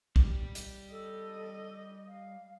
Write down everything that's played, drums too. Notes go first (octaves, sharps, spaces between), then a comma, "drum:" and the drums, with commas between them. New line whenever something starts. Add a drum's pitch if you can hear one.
G3 G4, drum: kick
drum: hi-hat
A4 D#5
F5